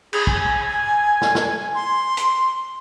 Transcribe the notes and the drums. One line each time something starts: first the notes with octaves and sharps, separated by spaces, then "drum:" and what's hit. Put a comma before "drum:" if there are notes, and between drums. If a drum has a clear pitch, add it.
G#4, drum: cymbal
G#5, drum: kick
drum: snare
drum: snare
C6
drum: hi-hat